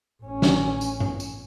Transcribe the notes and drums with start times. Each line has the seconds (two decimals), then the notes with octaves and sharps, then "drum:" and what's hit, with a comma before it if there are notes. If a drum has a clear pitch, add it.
0.23 A1 C#4
0.42 drum: snare
0.81 drum: tambourine
1.00 drum: tom G2
1.20 drum: tambourine